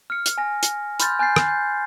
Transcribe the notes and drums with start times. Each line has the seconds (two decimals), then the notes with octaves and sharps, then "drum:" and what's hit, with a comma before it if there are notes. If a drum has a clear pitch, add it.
0.10 F6 C#7
0.26 drum: hi-hat
0.38 G#5 A#6
0.63 drum: hi-hat
1.00 B5 C6 F6 G6 A6, drum: hi-hat
1.19 G#5 F#6 G6 A6 C7
1.36 drum: rim click
1.48 G6